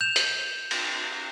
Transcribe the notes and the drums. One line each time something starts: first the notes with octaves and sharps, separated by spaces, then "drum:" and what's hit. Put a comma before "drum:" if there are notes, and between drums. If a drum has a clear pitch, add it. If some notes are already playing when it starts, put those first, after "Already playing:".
G6 E7 F7
drum: hi-hat
drum: cymbal